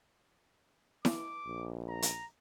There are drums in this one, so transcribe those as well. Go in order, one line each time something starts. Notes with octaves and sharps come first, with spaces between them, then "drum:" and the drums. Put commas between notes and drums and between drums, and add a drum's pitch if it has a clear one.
D6, drum: snare E4
A#1
A#5
drum: hi-hat